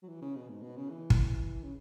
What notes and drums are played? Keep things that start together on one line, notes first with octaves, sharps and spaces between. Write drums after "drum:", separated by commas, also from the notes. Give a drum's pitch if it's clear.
F#3
E3
C#3
B2
G#2
B2
C#3
E3
drum: kick
C#3